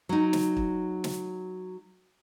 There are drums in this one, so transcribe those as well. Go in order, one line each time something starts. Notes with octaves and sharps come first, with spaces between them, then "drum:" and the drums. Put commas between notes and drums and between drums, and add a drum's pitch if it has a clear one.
F#3 D#4
drum: snare
drum: kick
drum: snare